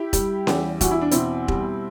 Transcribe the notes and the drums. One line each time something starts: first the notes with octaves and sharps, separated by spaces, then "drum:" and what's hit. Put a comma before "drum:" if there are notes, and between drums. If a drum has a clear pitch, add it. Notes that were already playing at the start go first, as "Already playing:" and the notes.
Already playing: E4 G4
G3, drum: kick E1, hi-hat
E2, drum: snare C#4
E2 F#4, drum: kick E1, hi-hat
E4
D4
B2 C4 E4, drum: hi-hat
G3, drum: kick E1